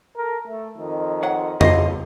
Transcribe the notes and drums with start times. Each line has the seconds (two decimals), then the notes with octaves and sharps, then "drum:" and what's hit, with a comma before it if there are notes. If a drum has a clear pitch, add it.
0.16 A4 A#4
0.47 A3
0.76 F2 D#3
1.23 C#5 F#5
1.61 E2 A2 F3 D#5 C6, drum: tom F2